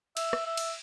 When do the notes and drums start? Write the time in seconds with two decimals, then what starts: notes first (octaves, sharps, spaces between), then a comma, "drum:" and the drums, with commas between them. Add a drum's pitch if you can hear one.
0.17 E5, drum: cymbal
0.33 drum: rim click
0.47 E5
0.57 drum: cymbal